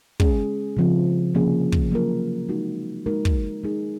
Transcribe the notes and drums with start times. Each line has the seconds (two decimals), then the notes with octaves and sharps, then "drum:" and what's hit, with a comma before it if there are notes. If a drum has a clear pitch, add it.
0.20 G#3 C#4 G#4, drum: kick
0.77 C#3 F3 C4
1.34 C3 F3 A#3 C#4 G#4
1.72 drum: kick
1.91 F#3 A#3 F4 A#4
2.49 G#3 D#4 F#4
3.06 G#3 D#4 F#4 A#4
3.25 drum: kick
3.63 G#3 D#4 G#4